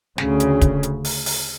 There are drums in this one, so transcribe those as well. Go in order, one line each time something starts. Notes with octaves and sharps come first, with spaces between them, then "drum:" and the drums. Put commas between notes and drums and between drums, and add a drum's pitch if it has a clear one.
D2 C#3, drum: snare
drum: hi-hat
drum: kick, hi-hat
drum: hi-hat
drum: open hi-hat
drum: open hi-hat